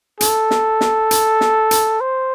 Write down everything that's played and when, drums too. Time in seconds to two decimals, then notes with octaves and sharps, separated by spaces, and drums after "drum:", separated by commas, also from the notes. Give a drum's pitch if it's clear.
0.21 A4, drum: hi-hat
0.51 drum: snare
0.81 drum: snare
1.11 drum: hi-hat
1.41 drum: snare
1.71 drum: hi-hat
2.01 C5